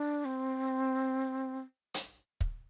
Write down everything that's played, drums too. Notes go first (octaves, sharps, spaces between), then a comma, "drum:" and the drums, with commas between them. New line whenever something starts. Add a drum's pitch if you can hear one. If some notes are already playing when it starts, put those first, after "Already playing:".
Already playing: D4
C4
drum: hi-hat
drum: kick